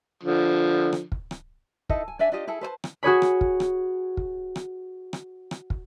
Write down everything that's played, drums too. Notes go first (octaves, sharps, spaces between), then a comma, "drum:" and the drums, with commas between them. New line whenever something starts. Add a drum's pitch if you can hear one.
D3 F3
drum: rim click
drum: kick
drum: rim click
D#4 E4 A4 D#5, drum: kick
G#5
D4 D5 E5 G#5
D4 F4 G4 D#5
E4 G#4 A4
B4 C5 D#5 A5
drum: rim click
F#4 G#4 C#5 B5
drum: rim click
drum: kick
drum: rim click
drum: kick
drum: rim click
drum: rim click
drum: rim click
drum: kick